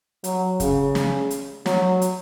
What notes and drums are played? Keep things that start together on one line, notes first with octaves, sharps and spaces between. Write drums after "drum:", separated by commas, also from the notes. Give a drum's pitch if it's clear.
F#3, drum: hi-hat
C#3, drum: kick, hi-hat
drum: snare
drum: hi-hat
F#3, drum: snare
drum: hi-hat